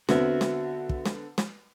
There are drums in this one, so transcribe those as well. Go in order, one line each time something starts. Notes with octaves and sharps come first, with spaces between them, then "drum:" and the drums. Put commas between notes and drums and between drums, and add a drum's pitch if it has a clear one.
D3 B3 C4 F#4 E5, drum: snare
drum: snare
drum: kick
drum: snare
drum: snare